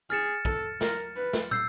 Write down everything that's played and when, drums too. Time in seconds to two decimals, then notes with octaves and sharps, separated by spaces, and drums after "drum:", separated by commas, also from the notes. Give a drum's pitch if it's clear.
0.10 G#4 F6 A6 C#7 E7
0.45 A4, drum: kick
0.81 A#4, drum: snare
1.16 B4
1.33 drum: snare
1.51 E6 G6 C7, drum: tom